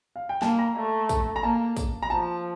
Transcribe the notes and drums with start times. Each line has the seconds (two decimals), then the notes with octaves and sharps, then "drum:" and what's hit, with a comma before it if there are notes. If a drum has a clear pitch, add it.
0.16 F5
0.29 G5
0.42 A#3 A5, drum: snare
0.59 A#5
0.76 A3
1.09 drum: kick, tambourine
1.36 A#5
1.43 A#3 A5
1.77 drum: kick, tambourine
2.02 A#5
2.10 F3 A5